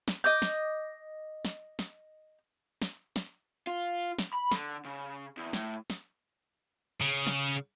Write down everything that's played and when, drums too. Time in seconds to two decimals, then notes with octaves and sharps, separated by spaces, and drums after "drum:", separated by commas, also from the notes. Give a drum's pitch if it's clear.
0.08 drum: snare
0.24 D#5 D6 G6
0.42 drum: snare
1.45 drum: snare
1.79 drum: snare
2.82 drum: snare
3.16 drum: snare
3.67 F4
4.19 drum: snare
4.34 B5
4.52 D3, drum: snare
4.85 C#3
5.37 E2
5.53 A2, drum: snare
5.90 drum: snare
7.01 C#3
7.27 drum: snare